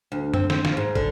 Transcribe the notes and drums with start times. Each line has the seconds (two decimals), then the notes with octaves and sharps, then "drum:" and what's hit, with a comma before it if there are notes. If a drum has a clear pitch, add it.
0.12 D2
0.34 C4, drum: tom F#2
0.50 C4, drum: snare
0.65 F3, drum: snare
0.77 G#2
0.95 D3, drum: kick